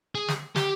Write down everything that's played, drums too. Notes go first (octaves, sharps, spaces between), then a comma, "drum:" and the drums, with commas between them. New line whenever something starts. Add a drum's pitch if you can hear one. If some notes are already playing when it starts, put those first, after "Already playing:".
G#4
drum: snare
G4, drum: snare